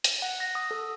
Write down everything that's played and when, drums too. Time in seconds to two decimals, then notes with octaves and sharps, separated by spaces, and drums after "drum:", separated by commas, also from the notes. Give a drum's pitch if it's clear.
0.04 drum: hi-hat
0.22 F#5
0.40 A#6
0.55 D#6
0.71 A4